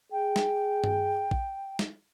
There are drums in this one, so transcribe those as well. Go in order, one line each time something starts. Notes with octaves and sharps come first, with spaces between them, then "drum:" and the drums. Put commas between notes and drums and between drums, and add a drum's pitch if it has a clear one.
G#4 G5
drum: snare
drum: tom G2
drum: kick A#1
drum: snare